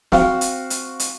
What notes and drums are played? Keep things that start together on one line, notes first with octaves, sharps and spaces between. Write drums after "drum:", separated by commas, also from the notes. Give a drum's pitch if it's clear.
C4 F#4 F5, drum: snare
drum: hi-hat
drum: hi-hat
drum: hi-hat